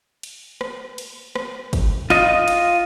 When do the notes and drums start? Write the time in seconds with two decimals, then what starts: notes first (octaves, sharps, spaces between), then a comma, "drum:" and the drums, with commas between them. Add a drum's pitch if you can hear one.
0.23 drum: cymbal
0.61 drum: rim click
0.98 drum: cymbal
1.36 drum: rim click
1.73 drum: kick, cymbal
2.10 F4 D#5, drum: cymbal
2.48 drum: cymbal